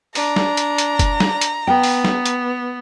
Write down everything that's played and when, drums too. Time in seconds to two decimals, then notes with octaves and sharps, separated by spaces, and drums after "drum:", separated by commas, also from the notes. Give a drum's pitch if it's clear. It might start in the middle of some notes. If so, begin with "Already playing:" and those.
0.15 D4 A#5, drum: open hi-hat
0.36 drum: snare
0.57 drum: hi-hat
0.78 drum: hi-hat
0.99 drum: kick F#1, hi-hat
1.20 drum: snare
1.41 drum: hi-hat
1.67 B3 G5
1.83 drum: open hi-hat
2.04 drum: snare
2.26 drum: hi-hat